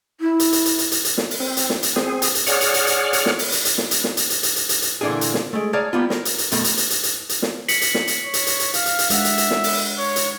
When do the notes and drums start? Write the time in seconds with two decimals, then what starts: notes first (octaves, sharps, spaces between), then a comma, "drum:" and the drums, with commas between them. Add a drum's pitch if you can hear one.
0.21 E4
0.40 drum: hi-hat
0.53 drum: hi-hat
0.66 drum: hi-hat
0.79 drum: hi-hat
0.92 drum: hi-hat
1.05 drum: hi-hat
1.18 drum: snare
1.31 drum: open hi-hat
1.40 C4
1.57 drum: hi-hat
1.70 drum: snare
1.83 drum: hi-hat
1.96 C4 G#4, drum: snare
2.22 drum: hi-hat
2.35 drum: hi-hat
2.47 G#4 C#5 D5 F#5 F6, drum: hi-hat
2.61 drum: hi-hat
2.74 drum: hi-hat
2.87 drum: hi-hat
3.13 drum: hi-hat
3.26 drum: snare
3.39 drum: open hi-hat
3.52 drum: hi-hat
3.65 drum: hi-hat
3.78 drum: snare
3.91 drum: hi-hat
4.04 drum: snare
4.17 drum: hi-hat
4.30 drum: hi-hat
4.43 drum: hi-hat
4.56 drum: hi-hat
4.69 drum: hi-hat
4.82 drum: hi-hat
5.01 A#2 D3 E3 A#3 D4 G#4
5.21 drum: hi-hat
5.34 drum: snare
5.53 G#3 A3
5.73 G#4 C#5 D5 F5 A5 A#5
5.93 G3 A#3 B3 F4
6.10 A#4, drum: snare
6.25 drum: hi-hat
6.38 drum: hi-hat
6.52 F2 B2 A3 A#3, drum: hi-hat
6.64 drum: hi-hat
6.77 drum: hi-hat
6.90 drum: hi-hat
7.03 drum: hi-hat
7.29 drum: hi-hat
7.42 drum: snare
7.68 B6 C#7 F#7, drum: hi-hat
7.81 drum: hi-hat
7.94 drum: snare
8.07 drum: hi-hat
8.24 C#5
8.34 drum: hi-hat
8.47 drum: hi-hat
8.60 drum: hi-hat
8.74 F5, drum: hi-hat
8.86 drum: hi-hat
8.99 drum: hi-hat
9.10 G#3 D4 E5 F#5, drum: hi-hat
9.25 drum: hi-hat
9.38 drum: hi-hat
9.51 drum: snare
9.64 drum: open hi-hat
9.98 C#5
10.16 drum: hi-hat